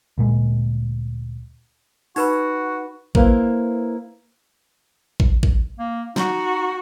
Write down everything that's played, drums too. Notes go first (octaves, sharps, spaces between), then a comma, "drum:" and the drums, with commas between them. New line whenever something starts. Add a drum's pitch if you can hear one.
D2 A#2 G#3
D#4 F#4 B4 B5, drum: open hi-hat
A#3 E4 B4 C5 F5, drum: kick A1
drum: kick A1
drum: kick A1
A#3
D#4 F#4, drum: snare